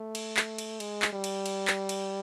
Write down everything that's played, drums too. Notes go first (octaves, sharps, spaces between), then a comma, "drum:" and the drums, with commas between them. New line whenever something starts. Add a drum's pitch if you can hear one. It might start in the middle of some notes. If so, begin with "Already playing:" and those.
Already playing: A3
drum: cymbal
drum: clap
drum: cymbal
G#3, drum: cymbal
drum: clap
G3
drum: cymbal
drum: cymbal
drum: clap
drum: cymbal